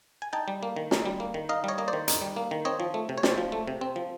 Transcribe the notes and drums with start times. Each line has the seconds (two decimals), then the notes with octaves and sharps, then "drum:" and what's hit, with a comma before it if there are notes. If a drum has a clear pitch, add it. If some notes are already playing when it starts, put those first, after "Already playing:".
0.22 G#5
0.33 D#4 G5 A5
0.48 G3
0.63 A#3
0.76 D#3
0.91 D#4, drum: snare
1.06 G3
1.20 A#3
1.34 D#3
1.49 D#4 D#5 F5
1.64 G3 C#5 D#5
1.78 A#3 D#5
1.88 C5 D5
1.93 D#3
2.08 D#4, drum: hi-hat
2.22 G3
2.36 A#3
2.51 D#3
2.65 C4 C#5 D#5
2.80 F3
2.94 A3
3.09 C3
3.18 C#5
3.23 C4 C5 D5, drum: snare
3.38 F3
3.52 A3
3.67 C3
3.81 C4
3.96 F3